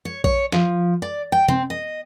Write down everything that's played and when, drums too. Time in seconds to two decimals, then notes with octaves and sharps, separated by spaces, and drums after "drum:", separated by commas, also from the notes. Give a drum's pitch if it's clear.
0.05 C#5
0.24 C#5, drum: kick A#1
0.52 F3, drum: snare
1.02 D5
1.32 G5
1.48 C4, drum: tom C3
1.70 D#5